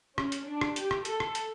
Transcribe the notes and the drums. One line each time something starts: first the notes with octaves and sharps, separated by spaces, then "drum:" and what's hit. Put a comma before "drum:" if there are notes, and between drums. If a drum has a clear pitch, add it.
C#4, drum: rim click
drum: hi-hat
D4
drum: rim click
G4, drum: hi-hat
drum: rim click
A4, drum: hi-hat
drum: rim click
drum: hi-hat